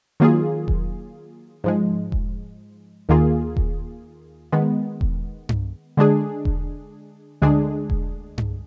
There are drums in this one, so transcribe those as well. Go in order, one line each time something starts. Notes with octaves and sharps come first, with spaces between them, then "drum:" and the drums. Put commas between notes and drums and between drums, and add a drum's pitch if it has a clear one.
D#3 F#3 A#3 F4 G#4
drum: kick E1
G#2 F3 G#3
drum: kick E1
D#2 D#3 A#3 F4 G#4
drum: kick E1
D#3 G#3 B3
drum: kick E1
drum: tom G2
D3 G#3 D4 G#4
drum: kick E1
D2 D3 G#3 D4 G#4
drum: kick E1
drum: tom G2